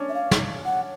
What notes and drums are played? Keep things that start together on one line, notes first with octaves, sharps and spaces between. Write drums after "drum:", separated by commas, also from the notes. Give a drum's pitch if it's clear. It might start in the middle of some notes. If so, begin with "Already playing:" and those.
Already playing: C#4 D4
E5
F5
drum: snare
F#5